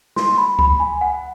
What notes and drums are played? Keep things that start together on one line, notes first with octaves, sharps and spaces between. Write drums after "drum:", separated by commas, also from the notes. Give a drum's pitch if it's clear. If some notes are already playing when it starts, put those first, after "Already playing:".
C6, drum: snare
B5
B5, drum: kick C#2
G#5
F#5